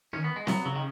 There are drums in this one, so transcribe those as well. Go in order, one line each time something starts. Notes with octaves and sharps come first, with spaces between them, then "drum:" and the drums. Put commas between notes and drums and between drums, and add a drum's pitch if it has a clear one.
D#3 C#4
B3
G#3
F#3 B3, drum: snare C4
C#3 F#3
D#3